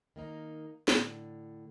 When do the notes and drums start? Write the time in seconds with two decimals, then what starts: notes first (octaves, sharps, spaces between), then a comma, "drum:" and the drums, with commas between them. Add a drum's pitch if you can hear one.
0.16 D#3 A#3 D#4
0.88 A2 D3, drum: snare